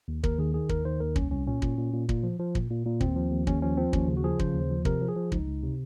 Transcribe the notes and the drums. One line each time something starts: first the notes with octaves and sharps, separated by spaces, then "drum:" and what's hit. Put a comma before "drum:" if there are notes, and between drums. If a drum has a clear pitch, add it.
D#2
D#2 A#4, drum: kick
D#3 G#4
D#3 G#4
D#2 A#4, drum: kick
D#3 C5
D#2 A#4
C2 C#4, drum: kick
C2 C#4
A#2 C#4
A#2, drum: kick
A#2
A#2
A#2, drum: kick
F3
F3
A#2, drum: kick
A#2
A#2
D#2 C4, drum: kick
F3
D#2
D#2 C#4, drum: kick
F3 C#4
F3 C4
D#2 C#4, drum: kick
C#3
F#4
F3 G#4
C#3 C5, drum: kick
D#2
F3
C3 A#4, drum: kick
F3
G#4
F3
C#2 D#4, drum: kick
C#2
C3